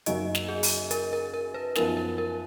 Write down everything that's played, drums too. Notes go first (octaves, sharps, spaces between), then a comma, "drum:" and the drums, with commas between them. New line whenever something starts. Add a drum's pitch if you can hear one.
F#2 C#3 F#3 A#3 D#4 D#5, drum: hi-hat
drum: snare
G#4
drum: open hi-hat
A#4, drum: hi-hat
A#4
A#4
B4
F#2 F3 B3 D#4 A#4, drum: snare
A#4
A#4